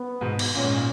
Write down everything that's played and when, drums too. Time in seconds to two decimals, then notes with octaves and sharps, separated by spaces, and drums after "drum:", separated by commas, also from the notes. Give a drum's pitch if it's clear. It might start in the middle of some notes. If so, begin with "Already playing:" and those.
Already playing: B3
0.21 G#2 B2
0.39 drum: cymbal
0.55 A#2 C#4
0.64 G#2
0.73 A#2